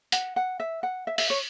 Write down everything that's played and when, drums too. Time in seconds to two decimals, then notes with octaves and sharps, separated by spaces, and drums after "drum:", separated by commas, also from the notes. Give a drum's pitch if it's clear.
0.12 F#5, drum: hi-hat
0.36 F#5
0.60 E5
0.83 F#5
1.07 E5
1.18 E5, drum: open hi-hat
1.30 C#5